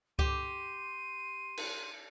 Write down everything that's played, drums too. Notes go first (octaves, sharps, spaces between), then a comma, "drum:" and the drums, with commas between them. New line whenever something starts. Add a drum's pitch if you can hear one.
G4 C6 D#7, drum: kick C#2
drum: cymbal